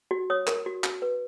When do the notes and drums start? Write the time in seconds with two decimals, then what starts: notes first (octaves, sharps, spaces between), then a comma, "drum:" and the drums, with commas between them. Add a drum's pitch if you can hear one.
0.11 F#4
0.30 C#5 D#6
0.47 A#4, drum: clap
0.66 F#4
0.84 F#4, drum: clap
1.02 B4